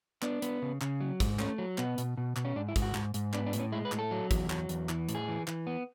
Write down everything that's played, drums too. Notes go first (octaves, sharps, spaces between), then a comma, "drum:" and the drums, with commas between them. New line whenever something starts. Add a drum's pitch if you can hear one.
B3 D4, drum: clap
B3, drum: hi-hat
C#3
C#3, drum: clap
F#3
G#2, drum: kick, hi-hat
A3 C#4, drum: clap
F#3
B2 B3, drum: clap
B2, drum: hi-hat
B2
B2, drum: clap
C#4
G#2 D4
E4
G#2, drum: kick, hi-hat
F#4
G#2, drum: clap
G#2, drum: hi-hat
B3 D4, drum: clap
D4
A2, drum: hi-hat
C#4
G#3 E4
B4
A2, drum: clap
A4
F#3
E2, drum: kick, hi-hat
F#3, drum: clap
E2, drum: hi-hat
E3, drum: clap
A2, drum: hi-hat
G#4
E3
E3, drum: clap
B3